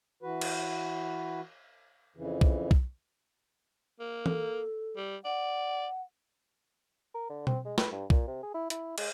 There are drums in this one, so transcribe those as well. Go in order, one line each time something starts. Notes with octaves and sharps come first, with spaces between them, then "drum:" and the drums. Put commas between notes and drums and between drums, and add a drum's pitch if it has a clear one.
E3 F#4 B4
drum: cymbal
F2 C#3 E3
drum: kick B1
drum: kick B1
A#3
A4, drum: tom E3
G3
D5 F#5
A#4
D3
C4, drum: tom B2
G#3
B4, drum: snare
G2
A#2, drum: kick B1
C3
G#4
E4
E4, drum: hi-hat
G#3, drum: cymbal